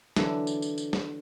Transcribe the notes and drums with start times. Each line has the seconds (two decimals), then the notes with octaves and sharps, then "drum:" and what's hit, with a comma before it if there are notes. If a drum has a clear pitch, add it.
0.16 D3 E3 F#3 D4, drum: snare
0.47 drum: tambourine
0.62 drum: tambourine
0.78 drum: tambourine
0.93 drum: snare